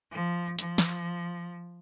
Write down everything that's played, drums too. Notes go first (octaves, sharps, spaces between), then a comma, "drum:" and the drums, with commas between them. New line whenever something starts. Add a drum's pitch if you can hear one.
F3
F3, drum: hi-hat
drum: snare